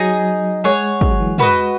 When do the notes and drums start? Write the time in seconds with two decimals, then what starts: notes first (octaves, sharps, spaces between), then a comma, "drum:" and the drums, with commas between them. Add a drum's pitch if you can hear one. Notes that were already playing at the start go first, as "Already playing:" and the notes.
Already playing: F#3 D#4 G#4 D#5
0.64 G#3 G#4 C#5 F#5
1.01 G#3, drum: kick
1.10 F#3
1.20 E3
1.29 F#3
1.38 G#3 F#4 B4 D#5, drum: tom